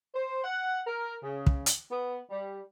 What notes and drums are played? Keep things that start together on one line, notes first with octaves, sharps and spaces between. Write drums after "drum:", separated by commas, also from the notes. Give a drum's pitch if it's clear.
C5
F#5
A#4
C#3
drum: kick
drum: hi-hat
B3
G3